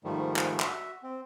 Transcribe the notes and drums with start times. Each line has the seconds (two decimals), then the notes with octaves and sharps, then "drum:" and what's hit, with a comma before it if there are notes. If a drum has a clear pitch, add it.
0.04 G#2 D#3 F3 G3 A3
0.36 drum: clap
0.60 F#4 E5, drum: clap
1.03 C4